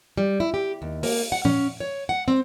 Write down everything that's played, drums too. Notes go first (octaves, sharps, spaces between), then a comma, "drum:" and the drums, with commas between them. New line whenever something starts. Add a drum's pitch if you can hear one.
G3
E4
G4
D#2
A#3, drum: open hi-hat
F#5
C#4, drum: tom A#2
C#5
F#5
C4